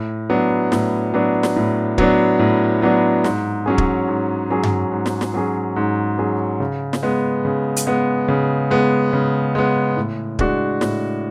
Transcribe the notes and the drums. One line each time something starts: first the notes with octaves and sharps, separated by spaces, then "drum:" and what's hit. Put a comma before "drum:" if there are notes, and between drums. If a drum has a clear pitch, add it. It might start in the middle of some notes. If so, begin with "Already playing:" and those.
Already playing: A2
F#3 B3 D4
A2, drum: snare
F#3 B3 D4
drum: snare
A2
F#3 B3 D4, drum: kick
A2
F#3 B3 D4
G#2, drum: snare
F#3 C#4 G#4
drum: kick
G#2
F#3 C#4 G#4
drum: tom G2
G#2
drum: snare
drum: snare
F#3 C#4 G#4
G#2
F#3 C#4 G#4
C#3
drum: snare
G#3 B3
C#3
drum: hi-hat
G#3 B3
C#3
G#3 B3
C#3
G#3 B3
A2
G#3 D4 F#4, drum: kick
A2, drum: snare